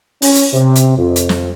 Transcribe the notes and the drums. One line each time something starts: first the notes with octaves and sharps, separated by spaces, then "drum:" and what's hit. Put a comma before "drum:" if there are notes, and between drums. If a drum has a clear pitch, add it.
C#4, drum: open hi-hat
drum: hi-hat
C3
drum: hi-hat
F2
drum: hi-hat
drum: snare